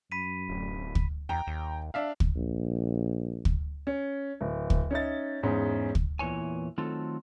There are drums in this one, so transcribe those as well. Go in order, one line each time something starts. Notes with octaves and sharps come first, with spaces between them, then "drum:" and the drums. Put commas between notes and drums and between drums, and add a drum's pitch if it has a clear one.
F#2 B5 B6 D#7
D1
drum: kick
E2 G5 A#5
D#2
D4 E5 F5
drum: kick
A#1
drum: kick
C#4
D1
drum: kick
C#4 D#4 E5 A6
E2 G#2 C#4
drum: kick
E2 A#2 E3 C#5 G#5
D#3 F#3 A3 C4 F4 A4